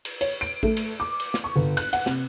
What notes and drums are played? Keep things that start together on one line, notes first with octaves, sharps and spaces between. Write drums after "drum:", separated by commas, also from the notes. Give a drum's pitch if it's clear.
drum: cymbal
C#5, drum: cymbal
D7
A3, drum: kick A1
drum: cymbal
D6
drum: cymbal
drum: snare
C#6
G1
F#6, drum: cymbal
F#5, drum: cymbal
C3, drum: snare